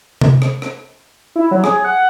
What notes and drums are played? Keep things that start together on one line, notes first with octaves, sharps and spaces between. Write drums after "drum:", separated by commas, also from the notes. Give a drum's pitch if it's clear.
drum: tom C3
drum: rim click
drum: rim click
E4
F#3
G#4, drum: rim click
F#5